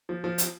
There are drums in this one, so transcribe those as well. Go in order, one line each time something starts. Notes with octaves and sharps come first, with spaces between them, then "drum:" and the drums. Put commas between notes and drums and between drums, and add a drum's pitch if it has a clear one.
F3
F3
drum: hi-hat